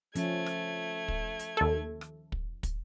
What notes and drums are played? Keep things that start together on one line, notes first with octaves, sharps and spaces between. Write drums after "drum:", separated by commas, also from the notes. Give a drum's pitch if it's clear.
F3 A3 C#4 G#6, drum: hi-hat
drum: rim click
drum: kick
drum: hi-hat
D#2 A4
drum: rim click
drum: kick
drum: kick, hi-hat